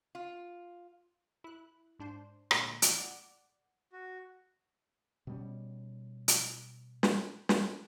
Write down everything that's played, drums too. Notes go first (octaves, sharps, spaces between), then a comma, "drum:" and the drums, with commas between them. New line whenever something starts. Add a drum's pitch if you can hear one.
F4
E4 F#6
G#2 D4 C5
A#2 D3 G#3, drum: rim click
drum: hi-hat
D5 F#5
F#4
B2 G3 C#4
drum: hi-hat
drum: snare
drum: snare